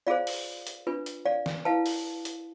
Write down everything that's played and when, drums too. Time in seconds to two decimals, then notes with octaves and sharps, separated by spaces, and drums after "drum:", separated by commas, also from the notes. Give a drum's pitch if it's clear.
0.07 F4 G#4 C5 D5 F5
0.27 drum: open hi-hat
0.67 drum: hi-hat
0.87 D4 F4 B4
1.06 drum: hi-hat
1.26 D5 F5
1.46 drum: snare
1.65 E4 B4 F5 A5
1.86 drum: open hi-hat
2.25 drum: hi-hat